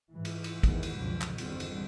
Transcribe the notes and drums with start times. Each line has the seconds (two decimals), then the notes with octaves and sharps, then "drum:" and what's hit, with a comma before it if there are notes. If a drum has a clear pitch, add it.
0.12 G#2 E3
0.25 drum: cymbal
0.44 drum: cymbal
0.63 E2 G#2 D#3 E3 G#3 B3, drum: kick, cymbal
0.83 drum: cymbal
0.98 C#2 F#2 B2 D3 F3
1.21 drum: clap
1.38 G1 E2 D3 D#3 G3 C4, drum: cymbal
1.60 drum: cymbal